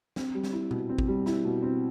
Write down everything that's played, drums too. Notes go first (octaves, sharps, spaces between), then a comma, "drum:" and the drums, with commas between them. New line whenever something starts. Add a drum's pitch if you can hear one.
C4, drum: snare
G3
drum: snare
E4
B2, drum: tom A#2
C4
drum: kick G#1
G3
E4, drum: snare
B2
C4